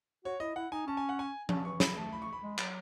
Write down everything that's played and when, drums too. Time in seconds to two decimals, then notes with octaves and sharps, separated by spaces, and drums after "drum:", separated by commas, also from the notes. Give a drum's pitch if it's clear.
0.25 F#4 C#5
0.40 E4 D#5
0.56 E4 F#5
0.72 D#4 G#5
0.87 C#4 A5
0.97 G#5
1.09 F#5
1.19 G#5
1.49 C#4 A5, drum: tom F3
1.65 E3 C#6
1.80 F#3 B5, drum: snare
1.96 A3 A5
2.12 B5
2.22 C#6
2.33 B5
2.43 G#3
2.59 F#3, drum: clap